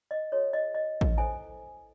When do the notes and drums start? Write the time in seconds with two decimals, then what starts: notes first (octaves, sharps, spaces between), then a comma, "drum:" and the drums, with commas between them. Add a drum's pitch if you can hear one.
0.11 D#5
0.32 F#4 A4 C#5
0.53 D#5
0.75 D#5
1.01 drum: kick A1
1.17 E4 A4 C5 G#5